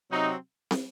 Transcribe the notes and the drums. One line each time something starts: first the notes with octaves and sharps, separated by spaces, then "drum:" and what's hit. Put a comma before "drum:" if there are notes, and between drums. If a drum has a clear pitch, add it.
C3 F#3 C4 D#4
drum: snare